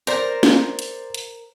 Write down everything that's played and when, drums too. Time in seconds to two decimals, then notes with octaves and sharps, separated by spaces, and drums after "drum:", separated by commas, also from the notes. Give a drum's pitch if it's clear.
0.07 A#4 C5 D5 A#5, drum: hi-hat
0.43 drum: snare
0.79 drum: hi-hat
1.14 drum: hi-hat